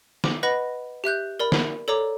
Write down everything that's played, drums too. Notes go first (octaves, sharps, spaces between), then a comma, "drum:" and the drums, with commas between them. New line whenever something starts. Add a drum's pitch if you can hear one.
D6, drum: snare
B4 D#5 F#5 B5 A#6
G4 E5 F#6 G6
A#4 D5 B5
drum: snare
A4 C#5 D5 A#5 D6